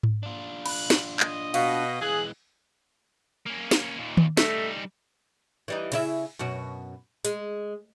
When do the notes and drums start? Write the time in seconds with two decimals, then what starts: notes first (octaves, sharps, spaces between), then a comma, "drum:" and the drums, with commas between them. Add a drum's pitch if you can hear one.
0.03 drum: tom G#2
0.23 D4 F4
0.66 B5 F#6, drum: cymbal
0.90 drum: snare
1.20 D#5, drum: clap
1.54 B2 F5, drum: cymbal
2.01 E3 G#3 G#4 F#6
3.46 A#3 C#4
3.71 drum: snare
3.98 D#2 A#2
4.17 drum: tom D#3
4.37 G3 A3 D#4, drum: snare
5.68 E3 G3 D#4
5.92 C#3 E4 E5, drum: cymbal
6.39 F#2 B2 F#4
7.25 G#3, drum: hi-hat